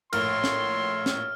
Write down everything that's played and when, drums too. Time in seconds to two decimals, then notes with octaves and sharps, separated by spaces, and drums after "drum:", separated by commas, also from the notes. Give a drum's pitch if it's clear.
0.13 A#1 A2 A#4 C#5 E5 C6 F6, drum: cymbal
0.44 drum: snare
1.06 drum: snare